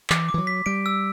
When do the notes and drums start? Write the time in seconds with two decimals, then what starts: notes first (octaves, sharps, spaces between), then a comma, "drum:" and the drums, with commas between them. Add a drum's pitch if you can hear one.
0.10 E3 D6, drum: clap
0.29 D6
0.34 E3
0.38 F#3
0.47 B6
0.66 G3 D7
0.86 E6